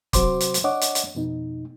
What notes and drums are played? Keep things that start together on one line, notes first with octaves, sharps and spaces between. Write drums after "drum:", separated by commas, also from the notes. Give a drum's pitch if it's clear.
C3 F#3 F#4 C5 C6 D6, drum: kick, hi-hat
drum: hi-hat
drum: hi-hat
D4 C#5 D#5 F#5 D6
drum: hi-hat
drum: hi-hat
F2 B2 D#4